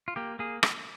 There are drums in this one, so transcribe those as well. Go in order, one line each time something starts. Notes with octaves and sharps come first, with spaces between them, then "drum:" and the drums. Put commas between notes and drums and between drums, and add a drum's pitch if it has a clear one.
F4
A#3 G4
A#3 G#4
drum: rim click